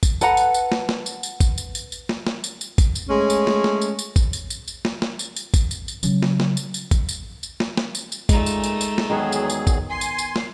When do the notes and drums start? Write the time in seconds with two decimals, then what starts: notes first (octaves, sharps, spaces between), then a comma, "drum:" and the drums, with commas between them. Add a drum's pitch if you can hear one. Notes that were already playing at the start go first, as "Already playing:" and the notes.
0.03 drum: kick, tambourine
0.21 A4 B4 F#5 A#5, drum: tambourine
0.37 drum: tambourine
0.54 drum: tambourine
0.72 drum: snare
0.89 drum: snare
1.06 drum: tambourine
1.23 drum: tambourine
1.40 drum: kick, tambourine
1.58 drum: tambourine
1.75 drum: tambourine
1.92 drum: tambourine
2.09 drum: snare
2.27 drum: snare
2.44 drum: tambourine
2.61 drum: tambourine
2.78 drum: kick, tambourine
2.95 drum: tambourine
3.09 G#3 A3 C#4
3.30 drum: tambourine
3.47 drum: snare
3.64 drum: snare
3.81 drum: tambourine
3.99 drum: tambourine
4.16 drum: kick, tambourine
4.33 drum: tambourine
4.50 drum: tambourine
4.68 drum: tambourine
4.85 drum: snare
5.02 drum: snare
5.19 drum: tambourine
5.36 drum: tambourine
5.54 drum: kick, tambourine
5.71 drum: tambourine
5.88 drum: tambourine
6.03 C#3 F#3, drum: tambourine
6.23 drum: snare
6.40 drum: snare
6.57 drum: tambourine
6.74 drum: tambourine
6.91 drum: kick, tambourine
7.09 drum: tambourine
7.43 drum: tambourine
7.60 drum: snare
7.77 drum: snare
7.95 drum: tambourine
8.12 drum: tambourine
8.29 A#2 G#3 A3 D#4, drum: kick, tambourine
8.46 drum: tambourine
8.64 drum: tambourine
8.81 drum: tambourine
8.98 drum: snare
9.10 E2 D#3 F#3 B3 G#4
9.32 drum: tambourine
9.50 drum: tambourine
9.67 drum: kick, tambourine
9.90 G#5 C6 C7
10.01 drum: tambourine
10.18 drum: tambourine
10.36 drum: snare